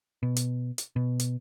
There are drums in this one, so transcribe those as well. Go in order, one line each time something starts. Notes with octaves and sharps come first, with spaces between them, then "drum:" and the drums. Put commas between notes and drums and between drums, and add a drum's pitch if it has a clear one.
B2
drum: hi-hat
drum: hi-hat
B2
drum: hi-hat